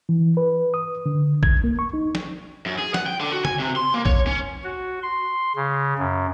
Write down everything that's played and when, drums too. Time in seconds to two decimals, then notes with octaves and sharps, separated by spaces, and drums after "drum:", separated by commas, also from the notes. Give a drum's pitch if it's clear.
0.09 E3
0.37 B4
0.74 D#6
1.06 D3
1.43 G#6, drum: kick
1.64 A#3
1.79 C#6
1.93 D#4
2.15 drum: snare
2.66 F#2
2.79 G#4
2.94 F#5, drum: snare
3.07 G5
3.21 D3
3.33 F#4
3.45 G#5, drum: tom C#3
3.59 C3
3.76 C6
3.94 A#3
4.06 C#5, drum: kick
4.27 C#4
4.64 F#4
5.03 C6
5.56 C#3
5.98 F#2